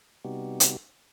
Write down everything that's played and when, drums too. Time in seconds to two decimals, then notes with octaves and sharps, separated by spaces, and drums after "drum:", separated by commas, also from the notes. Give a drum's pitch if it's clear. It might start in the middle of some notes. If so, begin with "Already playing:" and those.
0.25 C3 G3 B3 D#4 F#4 G4
0.60 drum: hi-hat